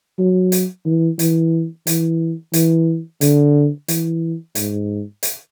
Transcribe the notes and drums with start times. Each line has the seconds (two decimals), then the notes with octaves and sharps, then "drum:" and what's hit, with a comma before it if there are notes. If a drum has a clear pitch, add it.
0.18 F#3
0.52 drum: hi-hat
0.86 E3
1.19 E3, drum: hi-hat
1.87 E3, drum: hi-hat
2.53 E3, drum: hi-hat
3.21 D3, drum: hi-hat
3.88 E3, drum: hi-hat
4.55 G#2, drum: hi-hat
5.23 drum: hi-hat